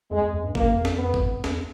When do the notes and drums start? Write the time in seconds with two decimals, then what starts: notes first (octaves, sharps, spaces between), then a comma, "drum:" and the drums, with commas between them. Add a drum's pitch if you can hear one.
0.11 F2 G#3
0.22 E2
0.34 E2
0.44 G2
0.55 F#2 A#3, drum: kick G1
0.69 F2
0.79 E2
0.85 F2, drum: snare
0.99 B3
1.14 drum: kick G1
1.44 E2, drum: snare